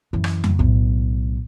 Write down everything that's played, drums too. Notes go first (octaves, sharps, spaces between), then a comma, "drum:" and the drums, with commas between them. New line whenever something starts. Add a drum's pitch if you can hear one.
F#2 E3
drum: rim click
drum: tom F2
B1 A2